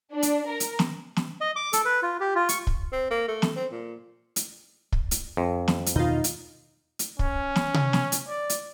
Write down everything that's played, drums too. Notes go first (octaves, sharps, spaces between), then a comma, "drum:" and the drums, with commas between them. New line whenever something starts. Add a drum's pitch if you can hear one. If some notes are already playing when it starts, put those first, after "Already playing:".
D4
drum: hi-hat
A#4
drum: hi-hat
drum: snare
drum: snare
D#5
D6
A4, drum: hi-hat
B4
F4
G4
F4
C#6, drum: hi-hat
drum: kick
C4
A#3
A3
drum: snare
C4
A#2
drum: hi-hat
drum: kick
drum: hi-hat
F2
drum: snare
drum: hi-hat
E2 B2 D#3 D#4 F4
drum: hi-hat
drum: hi-hat
C#4, drum: kick
drum: snare
drum: tom C3
drum: snare
drum: hi-hat
D5
drum: hi-hat